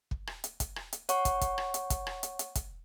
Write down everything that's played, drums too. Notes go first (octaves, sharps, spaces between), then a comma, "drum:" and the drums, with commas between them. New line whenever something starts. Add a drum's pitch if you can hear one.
drum: kick
drum: rim click
drum: hi-hat
drum: kick, hi-hat
drum: rim click
drum: hi-hat
C#5 F#5 C#6, drum: hi-hat
drum: kick, hi-hat
drum: kick, hi-hat
drum: rim click
drum: hi-hat
drum: kick, hi-hat
drum: rim click
drum: hi-hat
drum: hi-hat
drum: kick, hi-hat